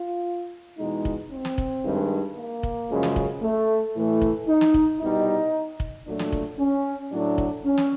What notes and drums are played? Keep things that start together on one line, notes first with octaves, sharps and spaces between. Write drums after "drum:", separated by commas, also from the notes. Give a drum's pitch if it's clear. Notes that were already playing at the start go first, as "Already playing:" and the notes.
Already playing: F4
E2 B2 G#3 D#4
drum: kick
C4
drum: snare
drum: kick
G2 D#3 G#3
A#3
drum: kick
F#2 C#3 F3 G#3
drum: snare
drum: kick
A3
A2 E3 A3
drum: kick
D#4
drum: snare
drum: kick
C2 B2 G3 D#4
drum: kick
A#2 F#3 A3 D4
drum: snare
drum: kick
C#4
A2 F#3 A3 D4
drum: kick
C#4
drum: snare